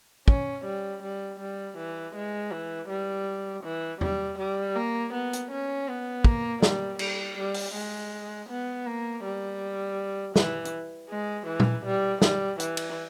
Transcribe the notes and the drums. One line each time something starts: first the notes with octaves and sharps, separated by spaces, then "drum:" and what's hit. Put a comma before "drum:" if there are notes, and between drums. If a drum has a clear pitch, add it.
C#4, drum: kick
G3
G3
G3
E3
G#3
E3
G3
E3
G3, drum: tom E2
G3
A#3
B3
drum: hi-hat
C#4
B3
A#3, drum: kick
G3, drum: snare
G3, drum: cymbal
G3
drum: open hi-hat
G#3
B3
A#3
G3
E3, drum: snare
drum: hi-hat
G#3
E3
drum: tom A#2
G3
G3, drum: snare
E3, drum: hi-hat
drum: cymbal